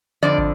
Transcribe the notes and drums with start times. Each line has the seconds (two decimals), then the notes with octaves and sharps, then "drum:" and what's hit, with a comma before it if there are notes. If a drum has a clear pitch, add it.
0.23 F2 D3 F3 D5
0.38 drum: kick